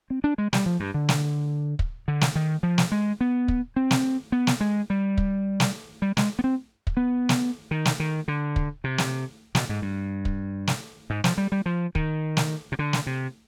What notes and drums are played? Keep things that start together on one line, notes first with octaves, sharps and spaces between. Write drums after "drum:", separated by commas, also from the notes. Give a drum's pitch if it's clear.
C4
D4
G#3
G3, drum: snare
F3
G2
D3
drum: snare
drum: kick
D3
drum: snare
D#3
F3
drum: snare
G#3
B3
drum: kick
C4
drum: snare
B3
drum: snare
G#3
G3
drum: kick
drum: snare
G3
G#3, drum: snare
B3
C4
drum: kick
B3
drum: snare
D#3
drum: snare
D#3
D3
drum: kick
C3
drum: snare
B2, drum: snare
G#2
G2
drum: kick
drum: snare
G#2
F3, drum: snare
G3
G3
F3
D#3, drum: kick
drum: snare
C3
D3
drum: snare
C3